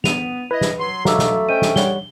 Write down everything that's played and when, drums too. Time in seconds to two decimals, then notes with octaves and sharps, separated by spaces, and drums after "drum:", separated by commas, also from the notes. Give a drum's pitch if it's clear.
0.04 B3 D#7 F7, drum: snare
0.51 E4 B4 D#5
0.61 drum: snare
0.79 F#3 C6
1.05 B2 F#3 A3 F#4 F5 A#5 D6 E6, drum: snare
1.19 drum: snare
1.49 C#4 C5 D#5 G5 D#7
1.62 drum: snare
1.76 G3 C#5 F#5 G7, drum: snare